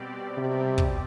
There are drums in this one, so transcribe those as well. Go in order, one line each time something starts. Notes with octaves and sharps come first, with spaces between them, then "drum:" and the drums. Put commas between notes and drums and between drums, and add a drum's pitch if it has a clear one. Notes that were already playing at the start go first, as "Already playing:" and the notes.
Already playing: B2 G3 C4 G4 D5
C3
drum: kick